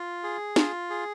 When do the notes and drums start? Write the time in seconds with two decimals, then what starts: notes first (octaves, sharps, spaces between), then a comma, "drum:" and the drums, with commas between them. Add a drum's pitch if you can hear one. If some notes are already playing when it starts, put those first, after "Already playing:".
Already playing: F4
0.24 G#4
0.56 F4, drum: snare
0.90 G#4